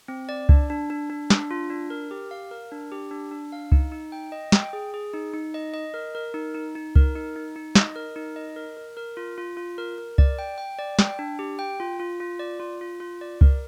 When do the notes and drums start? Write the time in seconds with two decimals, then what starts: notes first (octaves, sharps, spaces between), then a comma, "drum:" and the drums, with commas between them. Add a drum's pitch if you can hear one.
0.08 C4
0.29 D5
0.49 D4, drum: kick C#2
0.70 D4
0.90 D4
1.10 D4
1.30 D4, drum: snare
1.51 F4
1.70 D4
1.90 A#4
2.11 G4
2.31 F5
2.51 A#4
2.72 D4
2.92 G4
3.11 D4
3.31 D4
3.52 F5
3.72 D#4, drum: kick C#2
3.92 D#4
4.12 G5
4.32 D#5
4.52 G5, drum: snare
4.73 G#4
4.94 G#4
5.14 D#4
5.34 D#4
5.54 D#5
5.74 D#5
5.94 A#4
6.15 A#4
6.34 D#4
6.55 D#4
6.75 D#4
6.96 A#4, drum: kick C#2
7.15 D#4
7.36 D#4
7.56 D#4
7.75 D#5, drum: snare
7.96 A#4
8.16 D#4
8.36 D#5
8.56 A#4
8.77 A#4
8.97 A#4
9.17 F4
9.38 F4
9.57 F4
9.78 A#4
9.98 A#4
10.18 D5, drum: kick C#2
10.39 G5
10.58 G5
10.79 D5
10.99 G5, drum: snare
11.19 D4
11.39 G4
11.59 G5
11.80 F4
12.00 F4
12.20 F4
12.40 D5
12.60 F4
12.81 F4
13.00 F4
13.21 D5
13.41 A#4, drum: kick C#2